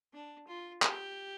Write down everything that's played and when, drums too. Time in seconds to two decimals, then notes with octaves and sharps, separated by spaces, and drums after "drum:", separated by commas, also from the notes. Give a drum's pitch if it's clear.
0.13 D4
0.48 F4
0.82 G4, drum: clap